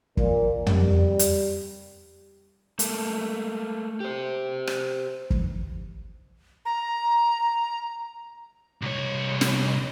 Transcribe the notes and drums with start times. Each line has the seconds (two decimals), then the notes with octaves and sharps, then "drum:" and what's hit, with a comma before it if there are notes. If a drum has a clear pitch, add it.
0.17 A#2, drum: kick
0.66 G3, drum: tom
1.19 drum: hi-hat
2.79 A3 A#3, drum: hi-hat
4.00 G4 C5
4.67 drum: rim click
5.30 drum: kick
6.66 A#5
8.82 C2 C#5
9.41 drum: snare